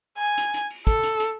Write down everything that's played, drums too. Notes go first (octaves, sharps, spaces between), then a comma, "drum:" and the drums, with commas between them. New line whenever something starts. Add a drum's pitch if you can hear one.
G#5
drum: hi-hat
drum: hi-hat
drum: open hi-hat
A4, drum: kick, hi-hat
drum: hi-hat
drum: hi-hat